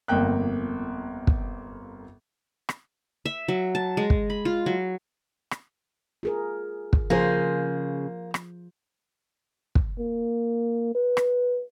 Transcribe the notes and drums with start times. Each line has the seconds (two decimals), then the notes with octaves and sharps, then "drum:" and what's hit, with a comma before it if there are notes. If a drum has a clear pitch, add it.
0.08 G1 F2 A#3 G5 F#6
1.27 drum: kick
2.69 drum: rim click
3.25 E5
3.48 F#3
3.75 A5
3.97 G#3
4.10 drum: kick
4.30 B5
4.45 F4
4.66 F#3
5.51 drum: rim click
6.23 F4 G#4 A#4
6.93 drum: kick
7.10 C#3 F3 A#3 F4 G#4 C5
8.34 drum: rim click
9.75 drum: kick
9.99 A#3
10.95 B4
11.17 drum: rim click